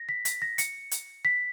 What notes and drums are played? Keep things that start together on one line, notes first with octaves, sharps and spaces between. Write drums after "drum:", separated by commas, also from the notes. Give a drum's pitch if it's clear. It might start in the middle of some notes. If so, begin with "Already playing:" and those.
Already playing: A#6
B6
B6, drum: hi-hat
A#6
C#7, drum: hi-hat
drum: hi-hat
B6